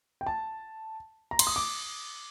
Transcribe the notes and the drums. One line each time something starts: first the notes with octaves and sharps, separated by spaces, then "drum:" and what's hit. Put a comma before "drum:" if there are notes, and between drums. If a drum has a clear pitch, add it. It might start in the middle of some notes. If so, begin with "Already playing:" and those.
G5
A5
A#5
C6, drum: cymbal
D#6
D6